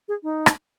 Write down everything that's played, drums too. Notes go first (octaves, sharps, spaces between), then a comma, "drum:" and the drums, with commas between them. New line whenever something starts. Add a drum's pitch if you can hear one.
G#4
D#4
drum: rim click